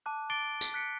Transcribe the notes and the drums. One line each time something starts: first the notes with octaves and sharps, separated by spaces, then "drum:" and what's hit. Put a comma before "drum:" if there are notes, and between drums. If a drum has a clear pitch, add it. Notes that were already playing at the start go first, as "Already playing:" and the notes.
A5 D6 F#6
D6 A6 C7 D7 G7
drum: tambourine
F#6 B6 C#7 D7